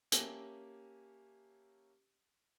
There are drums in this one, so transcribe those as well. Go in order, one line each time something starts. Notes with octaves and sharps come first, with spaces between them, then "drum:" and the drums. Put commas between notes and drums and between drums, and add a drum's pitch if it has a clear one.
A#3 C#4 G4 E5 G#5 A5, drum: hi-hat